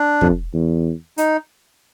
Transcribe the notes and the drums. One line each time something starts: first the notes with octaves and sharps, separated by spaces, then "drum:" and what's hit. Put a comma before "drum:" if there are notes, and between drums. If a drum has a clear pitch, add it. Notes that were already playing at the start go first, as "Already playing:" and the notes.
Already playing: D4
F2, drum: kick
E2
D#4, drum: hi-hat